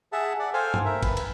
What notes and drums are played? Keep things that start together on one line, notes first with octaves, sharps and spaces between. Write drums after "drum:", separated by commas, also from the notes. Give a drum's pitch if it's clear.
G#4 E5 F#5 A5
D5 F#5
A4 C5 F5 G5 G#5
drum: tom G2
A#4 E5
B4, drum: kick A1, cymbal
drum: cymbal